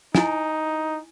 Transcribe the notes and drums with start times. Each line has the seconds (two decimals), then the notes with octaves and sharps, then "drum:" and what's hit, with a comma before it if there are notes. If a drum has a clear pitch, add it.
0.15 D#4 E4 G#5, drum: snare